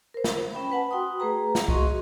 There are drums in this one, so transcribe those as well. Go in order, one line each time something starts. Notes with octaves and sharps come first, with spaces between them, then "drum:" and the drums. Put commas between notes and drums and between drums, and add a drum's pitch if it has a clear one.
A#4 C5
drum: snare
C#4 G5 B5
B4 F#5 G#5 A5
F#4 G5 C6 D#6
A3 G#4 B4 A#5
drum: snare
F#4 G#4 D#5 C6 C#6, drum: kick C2